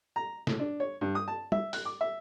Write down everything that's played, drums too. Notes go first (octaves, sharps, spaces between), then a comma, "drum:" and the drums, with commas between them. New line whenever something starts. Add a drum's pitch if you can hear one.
A#5
A2, drum: snare
D4
C#5
G2
D#6
A5
E5, drum: tom
F#6, drum: open hi-hat
D6
E5